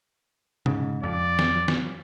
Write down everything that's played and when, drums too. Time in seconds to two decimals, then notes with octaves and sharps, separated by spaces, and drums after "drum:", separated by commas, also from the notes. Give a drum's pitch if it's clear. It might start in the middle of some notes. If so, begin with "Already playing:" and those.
0.66 G#2 C#3, drum: tom
1.03 F2 D5
1.39 drum: snare
1.68 drum: snare